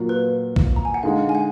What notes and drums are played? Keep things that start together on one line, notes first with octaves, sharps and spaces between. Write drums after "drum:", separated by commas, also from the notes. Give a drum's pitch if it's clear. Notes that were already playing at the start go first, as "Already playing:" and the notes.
Already playing: A#2 F#3 A#3 F4
B4
drum: kick
A#5
G#5
F#5
D3 G#3 D#4 F5
G#5
F#5